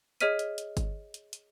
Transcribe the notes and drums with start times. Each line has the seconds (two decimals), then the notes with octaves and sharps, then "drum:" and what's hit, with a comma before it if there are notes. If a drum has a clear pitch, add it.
0.20 G#4 C#5 D#5 F6 B6 D#7, drum: hi-hat
0.39 drum: hi-hat
0.58 drum: hi-hat
0.77 drum: kick G1, hi-hat
1.14 drum: hi-hat
1.33 drum: hi-hat